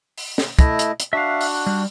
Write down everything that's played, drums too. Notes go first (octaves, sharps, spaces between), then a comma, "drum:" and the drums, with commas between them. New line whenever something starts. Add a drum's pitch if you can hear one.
drum: open hi-hat
drum: snare
A3 E4 D#5, drum: kick, hi-hat
drum: hi-hat
drum: hi-hat
D4 F#4 E5 F5
drum: open hi-hat
G3